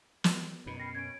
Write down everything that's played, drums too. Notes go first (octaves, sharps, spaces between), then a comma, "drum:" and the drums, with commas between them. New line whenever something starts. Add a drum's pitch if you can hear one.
drum: snare
F#2 B2 D#4 B4 B5
G5 B5 F6 A#6 C7
C#4 G#6 D7